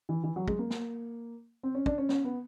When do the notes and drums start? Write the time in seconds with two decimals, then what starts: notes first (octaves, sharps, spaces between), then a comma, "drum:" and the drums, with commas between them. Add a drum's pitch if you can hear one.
0.09 E3
0.24 E3
0.36 F#3
0.48 G#3, drum: kick
0.59 A#3
0.70 drum: snare
1.63 C4
1.75 C#4
1.86 D4, drum: kick
1.98 C#4
2.09 C#4, drum: snare
2.25 B3